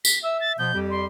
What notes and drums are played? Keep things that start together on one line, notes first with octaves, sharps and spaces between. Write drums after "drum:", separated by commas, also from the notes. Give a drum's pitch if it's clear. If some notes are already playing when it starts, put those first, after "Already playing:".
B6, drum: tambourine
E5 E6
A6
B2 F3 B3 G6
F2 G3 G4
C6